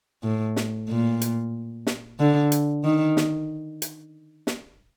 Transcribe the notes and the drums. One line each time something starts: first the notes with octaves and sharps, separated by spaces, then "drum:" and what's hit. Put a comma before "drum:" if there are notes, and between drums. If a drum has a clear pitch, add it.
A2
drum: snare
A#2
drum: hi-hat
drum: snare
D3
drum: hi-hat
D#3
drum: snare
drum: hi-hat
drum: snare